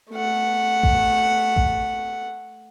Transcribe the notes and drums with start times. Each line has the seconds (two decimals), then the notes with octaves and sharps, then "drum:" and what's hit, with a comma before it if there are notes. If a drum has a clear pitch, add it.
0.10 A3 F#5
0.83 drum: kick A1
1.56 drum: kick A1